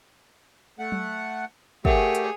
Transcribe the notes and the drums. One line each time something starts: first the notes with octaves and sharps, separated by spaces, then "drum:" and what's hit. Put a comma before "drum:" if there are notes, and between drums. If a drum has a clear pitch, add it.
A3 F#5
drum: tom F#3
A3 G4 G#4 A#4 C#5 E5 F#5, drum: kick
drum: hi-hat